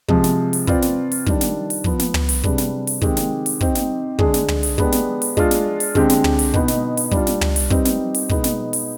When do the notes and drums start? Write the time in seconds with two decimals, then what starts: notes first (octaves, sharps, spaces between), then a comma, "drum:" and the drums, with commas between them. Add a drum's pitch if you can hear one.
0.08 C3 F3 G#3, drum: kick
0.24 drum: snare
0.53 drum: open hi-hat
0.67 C4 F4 B4 D5, drum: kick
0.82 drum: snare
1.12 drum: open hi-hat
1.26 D#3 G3 D4, drum: kick
1.41 drum: snare
1.70 drum: open hi-hat
1.84 F3 B3 F4, drum: kick
1.99 drum: snare
2.14 drum: tom
2.29 drum: open hi-hat
2.44 C3 G3 D4 G#4 B4, drum: kick
2.58 drum: snare
2.87 drum: open hi-hat
3.01 D#3 G#3 C4 G4, drum: kick
3.17 drum: snare
3.46 drum: open hi-hat
3.61 C4 D#4 G4 C5, drum: kick
3.75 drum: snare
4.19 D3 G#3 D4 G#4, drum: kick
4.34 drum: snare
4.48 drum: tom
4.63 drum: open hi-hat
4.78 G#3 B3 D4 G4, drum: kick
4.92 drum: snare
5.22 drum: open hi-hat
5.37 G#3 D4 F4, drum: kick
5.51 drum: snare
5.80 drum: open hi-hat
5.95 D3 G#3 C4 G4, drum: kick
6.09 drum: snare
6.24 drum: tom
6.39 drum: open hi-hat
6.54 B2 B3 D#4, drum: kick
6.68 drum: snare
6.97 drum: open hi-hat
7.11 G3 D4 F4, drum: kick
7.27 drum: snare
7.41 drum: tom
7.56 drum: open hi-hat
7.70 G3 C4 D#4 G4 B4, drum: kick
7.85 drum: snare
8.15 drum: open hi-hat
8.29 B2 G#3 B3 D#4, drum: kick
8.44 drum: snare
8.73 drum: open hi-hat